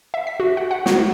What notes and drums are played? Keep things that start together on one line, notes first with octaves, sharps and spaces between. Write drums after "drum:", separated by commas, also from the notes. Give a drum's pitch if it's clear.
E5
B6
F#4
F#5
F#5
F#4, drum: snare
A3